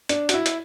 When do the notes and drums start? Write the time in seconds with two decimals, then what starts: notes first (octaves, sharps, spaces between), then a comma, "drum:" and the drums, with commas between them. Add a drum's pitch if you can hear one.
0.09 D4, drum: hi-hat
0.29 F#4, drum: hi-hat
0.34 E4
0.46 drum: hi-hat